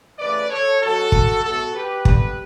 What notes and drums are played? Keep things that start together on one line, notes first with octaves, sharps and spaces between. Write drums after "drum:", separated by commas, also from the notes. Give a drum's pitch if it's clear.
C#3 E3 A3 B4 D5
A4 C#5
B2 F#3 C#4 F#4 A4
drum: kick
A2 E3 B3 F#4 A4
G4 B4
G2 D3 G3 B3 D4 G4 B4, drum: kick